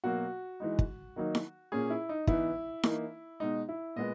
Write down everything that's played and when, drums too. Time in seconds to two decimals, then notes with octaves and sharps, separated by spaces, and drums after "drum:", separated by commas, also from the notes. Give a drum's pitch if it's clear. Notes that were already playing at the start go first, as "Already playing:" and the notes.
0.04 B2 F#3 A#3 F#4
0.60 E3 G#3 D#4
0.79 drum: kick
1.16 D#3 F#3 A#3 D#4
1.35 drum: snare E4
1.72 A#2 A#3 C#4 G#4
1.90 E4
2.09 D#4
2.27 E3 B3 D#4 E4, drum: kick
2.83 E3 A#3 D#4, drum: snare E4
3.40 B2 G#3 D#4
3.69 E4
3.96 A#2 G#3 B3 D#5